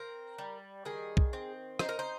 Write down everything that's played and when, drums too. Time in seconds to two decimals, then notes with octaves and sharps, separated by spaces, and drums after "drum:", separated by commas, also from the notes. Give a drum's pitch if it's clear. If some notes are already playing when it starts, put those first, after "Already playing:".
Already playing: C4 A#4
0.38 G3
0.85 D#3 G#4
1.17 drum: kick
1.33 C4
1.79 D#4 C5, drum: rim click
1.89 A#4
1.99 C5